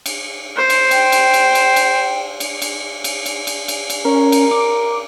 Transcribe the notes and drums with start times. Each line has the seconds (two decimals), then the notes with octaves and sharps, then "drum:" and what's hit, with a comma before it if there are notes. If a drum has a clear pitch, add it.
0.06 drum: cymbal
0.56 C5
0.70 drum: cymbal
0.91 G5, drum: cymbal
1.12 drum: cymbal
1.34 drum: cymbal
1.55 drum: cymbal
1.76 drum: cymbal
2.40 drum: cymbal
2.62 drum: cymbal
3.04 drum: cymbal
3.26 drum: cymbal
3.47 drum: cymbal
3.68 drum: cymbal
3.90 drum: cymbal
4.05 C#4 A#4
4.32 drum: cymbal
4.51 D6